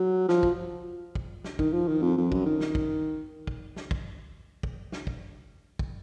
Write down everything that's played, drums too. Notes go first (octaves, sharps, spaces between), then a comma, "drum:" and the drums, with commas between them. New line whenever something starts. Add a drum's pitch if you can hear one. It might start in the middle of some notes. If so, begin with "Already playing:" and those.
Already playing: F#3
F3, drum: snare
drum: kick
drum: kick
drum: snare
D#3, drum: kick
F3
D#3
F2
F2
F#2, drum: kick
D#3
drum: snare
drum: kick
drum: kick
drum: snare
drum: kick
drum: kick
drum: snare
drum: kick
drum: kick